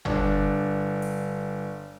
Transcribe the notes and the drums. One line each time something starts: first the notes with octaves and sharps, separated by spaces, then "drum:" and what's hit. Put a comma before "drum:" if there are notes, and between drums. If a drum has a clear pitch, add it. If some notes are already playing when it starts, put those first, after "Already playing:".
G1 D4, drum: tom G1
drum: open hi-hat